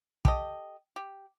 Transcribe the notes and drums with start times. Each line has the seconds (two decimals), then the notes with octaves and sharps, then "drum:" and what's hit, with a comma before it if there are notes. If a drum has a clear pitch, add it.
0.25 G4 A4 D#5, drum: kick
0.96 G4